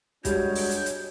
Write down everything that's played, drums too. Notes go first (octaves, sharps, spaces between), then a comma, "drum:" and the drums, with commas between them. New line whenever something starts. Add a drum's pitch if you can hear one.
G3 G#3 D4 F#4 C#5 G6, drum: kick, hi-hat
drum: open hi-hat
drum: hi-hat
drum: hi-hat